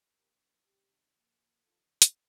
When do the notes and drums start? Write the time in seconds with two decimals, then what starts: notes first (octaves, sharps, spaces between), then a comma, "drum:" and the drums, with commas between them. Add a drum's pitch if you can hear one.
0.14 A#2 F3 A#3 D4 G4 A#4
0.64 C3 D#3 G3 C4 D#4 G4
1.14 A#2 F3 A#3
1.64 D#3 G3 D4 F4 A4
2.02 drum: hi-hat